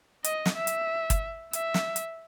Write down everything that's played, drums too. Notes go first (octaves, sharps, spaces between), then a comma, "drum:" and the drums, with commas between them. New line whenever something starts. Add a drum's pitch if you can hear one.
D#5, drum: hi-hat
drum: snare
E5
drum: hi-hat
drum: kick, hi-hat
E5, drum: hi-hat
drum: snare
drum: hi-hat